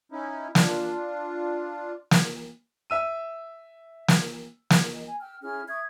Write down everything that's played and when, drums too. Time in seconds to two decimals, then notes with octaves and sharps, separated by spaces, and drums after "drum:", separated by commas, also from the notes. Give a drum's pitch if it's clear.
0.12 C#4 D#4 E4
0.55 D4 F4, drum: snare
2.11 drum: snare
2.90 E5 E6 D#7
4.08 drum: snare
4.70 drum: snare
4.92 D#5
5.07 G#5
5.22 G5 E6 F6
5.43 C#4 E4 G#4 F6
5.69 E5 C#6 D#6 G#6